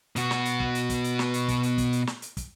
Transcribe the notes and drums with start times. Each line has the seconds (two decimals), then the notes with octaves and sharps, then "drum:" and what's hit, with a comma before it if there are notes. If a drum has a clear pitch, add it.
0.16 B2 F#4, drum: hi-hat
0.31 drum: snare
0.45 drum: hi-hat
0.60 drum: kick
0.75 drum: hi-hat
0.90 drum: kick, hi-hat
1.04 drum: hi-hat
1.19 drum: snare
1.34 drum: hi-hat
1.48 drum: kick, hi-hat
1.63 drum: hi-hat
1.78 drum: kick, hi-hat
1.93 drum: hi-hat
2.07 drum: snare
2.22 drum: hi-hat
2.37 drum: kick, hi-hat